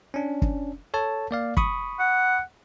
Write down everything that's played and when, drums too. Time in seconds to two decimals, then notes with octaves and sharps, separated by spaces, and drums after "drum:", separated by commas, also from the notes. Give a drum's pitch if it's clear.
0.14 C#4 D4
0.42 drum: kick
0.94 A4 C#5 A5
1.31 A#3 D5 F5
1.57 B5 C#6 D#6, drum: kick
1.99 F#5